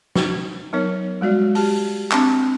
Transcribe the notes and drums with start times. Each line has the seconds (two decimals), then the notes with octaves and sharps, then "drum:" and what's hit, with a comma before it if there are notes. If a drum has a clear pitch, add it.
0.16 D#4, drum: snare
0.73 F#3 B3 D#4 A#4 C#5
1.21 G3 G#3 F#4 D5
1.55 G4 A5, drum: open hi-hat
2.11 C4 D4 A5 A#5 C#6, drum: clap